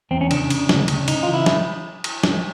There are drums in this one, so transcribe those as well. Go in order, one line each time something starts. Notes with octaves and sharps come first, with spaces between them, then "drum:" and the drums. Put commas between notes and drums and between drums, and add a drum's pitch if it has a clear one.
E2 C4
C#4
C#3 D4, drum: cymbal
C#3, drum: cymbal
D2, drum: snare
C#3, drum: cymbal
C#3 D#4, drum: cymbal
E3 F4
E4
drum: snare
drum: cymbal
drum: snare